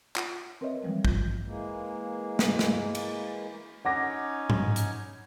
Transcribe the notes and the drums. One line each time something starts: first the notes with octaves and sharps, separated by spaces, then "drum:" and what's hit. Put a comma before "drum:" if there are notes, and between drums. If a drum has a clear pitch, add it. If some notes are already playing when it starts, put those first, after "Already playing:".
F4 F#5, drum: clap
C4 A#4 B4 C#5 D#5 E5
E3 F3 G3 G#3 C4
E3 F4 G6, drum: kick
E3 G#3 A#3
drum: snare
drum: snare
drum: cymbal
C#4 D#4 C#5 F#5 D6 A#6
drum: tom G#2
drum: hi-hat